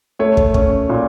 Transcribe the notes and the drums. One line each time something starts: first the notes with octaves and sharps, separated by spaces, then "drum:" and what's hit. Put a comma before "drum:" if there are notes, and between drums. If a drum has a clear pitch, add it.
A3 C#5
drum: kick
C#4, drum: kick
A#2